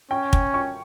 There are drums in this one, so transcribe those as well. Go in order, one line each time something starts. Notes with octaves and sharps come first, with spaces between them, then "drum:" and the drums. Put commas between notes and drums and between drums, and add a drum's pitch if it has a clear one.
C#4 G5
drum: kick
C#6